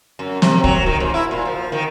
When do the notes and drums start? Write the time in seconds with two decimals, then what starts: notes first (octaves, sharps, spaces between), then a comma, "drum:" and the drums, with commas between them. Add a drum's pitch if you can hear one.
0.19 F#2
0.42 C3, drum: snare
0.64 F#3, drum: kick
0.86 D#3
1.00 G#2
1.14 E4
1.31 A#2
1.45 F3
1.72 D#3